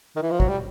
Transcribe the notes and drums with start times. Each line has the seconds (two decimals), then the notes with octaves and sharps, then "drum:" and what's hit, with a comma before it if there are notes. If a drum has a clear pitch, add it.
0.16 D#3
0.22 E3
0.31 F3
0.40 F#3, drum: kick
0.48 G3